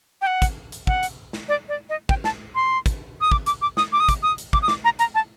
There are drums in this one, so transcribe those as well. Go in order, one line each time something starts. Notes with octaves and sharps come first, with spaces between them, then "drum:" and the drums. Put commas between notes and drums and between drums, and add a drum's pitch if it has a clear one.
G5
F#5
drum: kick, hi-hat
drum: hi-hat
F#5, drum: kick
drum: hi-hat
drum: snare
D5
D5
D#5
G5, drum: kick
A5, drum: snare
C6
drum: kick, hi-hat
D#6
D6, drum: kick
D6, drum: hi-hat
D6
D#6, drum: snare
D6
D#6
D6, drum: kick, hi-hat
D#6
drum: hi-hat
D6, drum: kick
D#6
D6, drum: snare
A#5
A#5, drum: hi-hat
A5